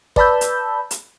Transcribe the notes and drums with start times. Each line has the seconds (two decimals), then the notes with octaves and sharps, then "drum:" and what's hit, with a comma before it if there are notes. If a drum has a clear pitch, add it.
0.16 B4 D5 A5 B5 E6 G6, drum: kick
0.41 drum: hi-hat
0.91 drum: hi-hat